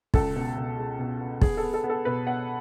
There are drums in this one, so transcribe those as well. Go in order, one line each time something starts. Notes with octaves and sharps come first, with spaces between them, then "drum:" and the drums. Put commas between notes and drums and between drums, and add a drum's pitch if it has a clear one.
C#2 A4, drum: kick
B2
B2
G#3
B2
B3
B3 G#4, drum: kick
B3 A4
A4
B3
A4
B2 B4
B3 F#5